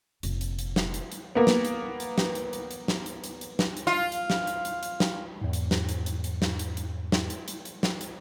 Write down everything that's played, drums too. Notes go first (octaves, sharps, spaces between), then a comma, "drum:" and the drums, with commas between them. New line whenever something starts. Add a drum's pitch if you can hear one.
F1 A#2, drum: hi-hat
drum: hi-hat
drum: hi-hat
drum: snare
drum: hi-hat
drum: hi-hat
A#3 B3
drum: snare
drum: hi-hat
drum: hi-hat
drum: snare
drum: hi-hat
drum: hi-hat
drum: hi-hat
drum: snare
drum: hi-hat
drum: hi-hat
drum: hi-hat
drum: snare
drum: hi-hat
F4
drum: hi-hat
drum: snare
drum: hi-hat
drum: hi-hat
drum: hi-hat
drum: snare
E2 G#2
drum: hi-hat
drum: snare
drum: hi-hat
drum: hi-hat
drum: hi-hat
drum: snare
drum: hi-hat
drum: hi-hat
drum: snare
drum: hi-hat
drum: hi-hat
drum: hi-hat
drum: snare
drum: hi-hat